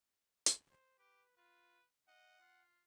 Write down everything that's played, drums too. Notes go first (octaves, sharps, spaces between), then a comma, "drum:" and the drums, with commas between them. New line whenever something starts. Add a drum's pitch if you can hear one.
drum: hi-hat
C5
G4 B4
F4 B4
D#5 F#5
F4